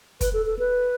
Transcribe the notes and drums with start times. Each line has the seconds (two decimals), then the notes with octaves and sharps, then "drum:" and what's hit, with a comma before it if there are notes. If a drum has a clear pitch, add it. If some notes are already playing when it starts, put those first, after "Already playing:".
0.21 B4, drum: kick, hi-hat
0.33 A4
0.46 A4
0.59 B4